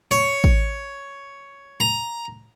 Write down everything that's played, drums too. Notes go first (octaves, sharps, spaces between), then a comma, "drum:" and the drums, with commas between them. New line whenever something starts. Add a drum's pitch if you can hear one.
C#5
drum: kick
A#5